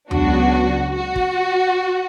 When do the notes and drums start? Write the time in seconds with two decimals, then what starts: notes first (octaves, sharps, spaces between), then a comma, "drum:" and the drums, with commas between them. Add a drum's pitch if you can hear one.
0.11 C#2 C#3 F#3 B3 D4 F#4, drum: tom E2
0.97 F#4
1.16 drum: kick